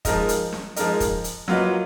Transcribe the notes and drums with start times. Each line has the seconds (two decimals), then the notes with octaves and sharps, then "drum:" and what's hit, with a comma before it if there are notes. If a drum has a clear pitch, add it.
0.05 F3 G#3 D#4 A#4 D#5, drum: kick, hi-hat
0.29 drum: hi-hat
0.53 drum: snare
0.76 F3 G#3 D#4 A#4 D#5, drum: hi-hat
1.00 drum: kick, hi-hat
1.24 drum: hi-hat
1.48 F#3 A#3 F4 B4 D#5, drum: snare